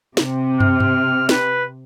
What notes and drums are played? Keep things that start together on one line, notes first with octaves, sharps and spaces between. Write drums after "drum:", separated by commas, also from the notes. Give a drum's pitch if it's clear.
C3, drum: snare
F6, drum: tom
drum: tom G2
B4, drum: snare